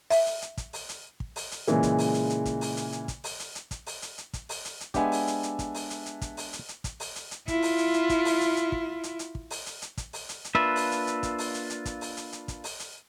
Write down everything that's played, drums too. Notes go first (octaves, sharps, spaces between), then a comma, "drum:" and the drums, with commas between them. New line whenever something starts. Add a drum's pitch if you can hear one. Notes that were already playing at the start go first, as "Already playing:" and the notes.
E5, drum: open hi-hat
drum: hi-hat
drum: hi-hat
drum: kick, hi-hat
drum: open hi-hat
drum: hi-hat
drum: kick
drum: open hi-hat
drum: hi-hat
A#2 C#3 E3 G#3, drum: hi-hat
drum: kick, hi-hat
drum: open hi-hat
drum: hi-hat
drum: hi-hat
drum: kick, hi-hat
drum: open hi-hat
drum: hi-hat
drum: hi-hat
drum: kick, hi-hat
drum: open hi-hat
drum: hi-hat
drum: hi-hat
drum: kick, hi-hat
drum: open hi-hat
drum: hi-hat
drum: hi-hat
drum: kick, hi-hat
drum: open hi-hat
drum: hi-hat
drum: hi-hat
G#3 B3 D4 G4 E5 G#5, drum: kick, hi-hat
drum: open hi-hat
drum: hi-hat
drum: hi-hat
drum: kick, hi-hat
drum: open hi-hat
drum: hi-hat
drum: hi-hat
drum: kick, hi-hat
drum: open hi-hat
drum: hi-hat
drum: hi-hat
drum: kick, hi-hat
drum: open hi-hat
drum: hi-hat
drum: hi-hat
E4 F4, drum: kick, hi-hat
drum: open hi-hat
drum: hi-hat
drum: hi-hat
drum: kick, hi-hat
drum: open hi-hat
drum: hi-hat
drum: hi-hat
drum: kick
drum: hi-hat
drum: hi-hat
drum: kick
drum: open hi-hat
drum: hi-hat
drum: hi-hat
drum: kick, hi-hat
drum: open hi-hat
drum: hi-hat
drum: hi-hat
A#3 D4 F4 B4 E5
drum: open hi-hat
drum: hi-hat
drum: hi-hat
drum: kick, hi-hat
drum: open hi-hat
drum: hi-hat
drum: hi-hat
drum: kick, hi-hat
drum: open hi-hat
drum: hi-hat
drum: hi-hat
drum: kick, hi-hat
drum: open hi-hat
drum: hi-hat